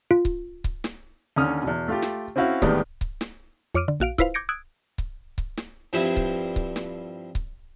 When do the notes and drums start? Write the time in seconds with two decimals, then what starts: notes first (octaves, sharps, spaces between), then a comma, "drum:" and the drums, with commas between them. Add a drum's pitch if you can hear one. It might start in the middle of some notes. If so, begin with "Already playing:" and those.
0.11 F4
0.25 drum: kick C#1
0.64 drum: kick C#1
0.84 drum: snare
1.36 D#2 D3 C#4 D#6 F6
1.63 E2 B2
1.88 A3 F4 G4
2.02 drum: snare
2.36 C4 C#4 E4 F#4 C5 F5
2.62 E2 A2 D#3 G3 G#3 B3, drum: kick C#1
3.01 drum: kick C#1
3.21 drum: snare
3.75 F2 C#5 D6 F6 D7 D#7
3.88 D3
4.00 A#1 F#4 F5 D7
4.18 E4 F4 B4 C5 F5, drum: kick C#1
4.34 D6 G6 G#6 A#6 C#7 D7
4.49 D#6 E6 F#6 G#6 D7
4.98 drum: kick C#1
5.38 drum: kick C#1
5.57 drum: snare
5.93 G2 F3 G3 C4 E4
6.17 drum: kick C#1
6.56 drum: kick C#1
6.76 drum: snare
7.35 drum: kick C#1